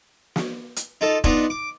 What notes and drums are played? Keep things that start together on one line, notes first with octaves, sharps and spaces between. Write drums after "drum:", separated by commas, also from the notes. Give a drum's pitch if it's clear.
drum: snare
drum: hi-hat
D#4 F4 A4
B3 D4 D#4 F4, drum: kick E1
D6